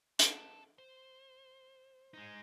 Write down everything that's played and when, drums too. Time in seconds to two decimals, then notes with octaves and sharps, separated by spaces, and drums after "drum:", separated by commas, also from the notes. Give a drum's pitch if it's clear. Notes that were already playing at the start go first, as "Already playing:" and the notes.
0.19 A4 A5, drum: hi-hat
0.78 C5
2.14 G#3 D#4